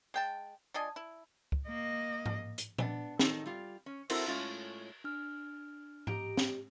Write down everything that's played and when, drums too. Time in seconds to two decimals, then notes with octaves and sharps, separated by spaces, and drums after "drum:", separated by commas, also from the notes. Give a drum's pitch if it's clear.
0.14 G#3 G5 A5
0.74 F3 D4 D#5 G#5
0.96 E4
1.52 drum: kick
1.68 A#3 D#5
2.26 drum: tom G#2
2.58 drum: hi-hat
2.78 B3 D4, drum: tom A#2
3.19 D#3 D#4 A4, drum: snare
3.46 G3 F4
3.86 C#4
4.10 C4 E4 F#4 A4 A#4 C5, drum: cymbal
4.28 A2 G#3 A3 C#4 F4
5.04 D4 F6
6.07 G4 D#5 A#5 D7, drum: tom G#2
6.37 drum: snare